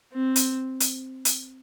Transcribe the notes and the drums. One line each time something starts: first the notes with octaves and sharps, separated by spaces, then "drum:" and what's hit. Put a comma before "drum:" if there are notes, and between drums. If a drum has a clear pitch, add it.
C4
drum: hi-hat
drum: hi-hat
drum: hi-hat